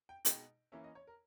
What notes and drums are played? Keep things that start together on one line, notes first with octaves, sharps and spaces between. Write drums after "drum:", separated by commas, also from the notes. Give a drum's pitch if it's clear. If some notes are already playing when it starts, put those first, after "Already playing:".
G5
B2 G#3 D#4 G5, drum: hi-hat
E3 A#3 C#4 E5
D#5
C#5
A#4